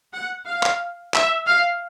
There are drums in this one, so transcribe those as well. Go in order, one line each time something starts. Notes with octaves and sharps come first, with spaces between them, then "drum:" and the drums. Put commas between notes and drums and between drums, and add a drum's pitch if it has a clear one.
F#5
F5
drum: clap
E5, drum: clap
F5